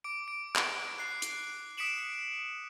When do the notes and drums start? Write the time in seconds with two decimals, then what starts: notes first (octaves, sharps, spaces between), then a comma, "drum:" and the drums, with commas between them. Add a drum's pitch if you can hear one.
0.04 D6 D7
0.28 D7
0.55 drum: clap
0.98 F#6 C7
1.22 drum: hi-hat
1.77 D#6 B6 C#7 D7 E7 F#7